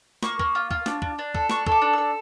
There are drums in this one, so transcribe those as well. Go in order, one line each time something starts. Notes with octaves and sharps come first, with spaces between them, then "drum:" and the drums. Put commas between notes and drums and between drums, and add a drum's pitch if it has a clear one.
A#3 C#6, drum: snare
A#3, drum: kick
F4
F4, drum: kick
D4, drum: snare
D4, drum: kick
D4
A4, drum: kick
D4 C#6, drum: snare
A4, drum: kick
D6
D4
A4 E6